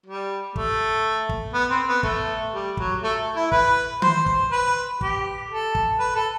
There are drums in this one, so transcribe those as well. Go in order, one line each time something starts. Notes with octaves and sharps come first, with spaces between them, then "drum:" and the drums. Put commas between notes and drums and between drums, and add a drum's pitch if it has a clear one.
G3
A3, drum: kick
drum: kick
B3
C4
B3
A3, drum: kick
G3
F#3, drum: kick
A3
E4
B4, drum: kick
C5, drum: tom D#3
drum: kick
B4
G4, drum: kick
A4
drum: kick
B4
A4